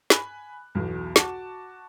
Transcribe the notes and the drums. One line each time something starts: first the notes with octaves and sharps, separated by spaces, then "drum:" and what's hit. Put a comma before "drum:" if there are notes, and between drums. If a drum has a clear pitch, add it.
G#5 B5 F#6, drum: snare
B1 E2 B2
F#4 A5 D6, drum: snare